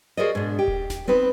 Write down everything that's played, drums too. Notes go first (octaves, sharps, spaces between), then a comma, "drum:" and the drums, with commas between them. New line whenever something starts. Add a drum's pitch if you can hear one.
F#4 G#4 A#4 C5 D5 D#5
G#2 B2 D4
G4
drum: kick D#1
drum: snare D#1
B3 C4 D#4 B4